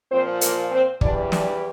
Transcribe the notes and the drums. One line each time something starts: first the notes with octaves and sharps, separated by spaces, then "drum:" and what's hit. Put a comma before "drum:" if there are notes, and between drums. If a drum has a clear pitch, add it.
A#2 F3 C4 C5
A#3 A#4, drum: hi-hat
C4 C5
E2 E3 G3 D4 D5, drum: kick
D4 D5, drum: snare